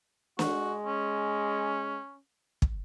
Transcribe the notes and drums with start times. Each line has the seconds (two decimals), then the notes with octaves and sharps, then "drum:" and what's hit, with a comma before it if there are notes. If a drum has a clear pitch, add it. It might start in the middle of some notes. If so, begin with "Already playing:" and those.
0.39 G#3 F#4, drum: snare
0.86 C#4
2.62 drum: kick